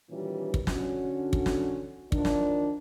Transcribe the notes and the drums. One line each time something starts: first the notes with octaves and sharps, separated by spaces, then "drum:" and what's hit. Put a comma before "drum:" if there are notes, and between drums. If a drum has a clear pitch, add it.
A#2 D#3 E3 G3 C#4 F#4
drum: kick
D3 C#4 F#4, drum: snare
drum: kick
drum: snare
D#3 F3 A#3 D4, drum: kick
drum: snare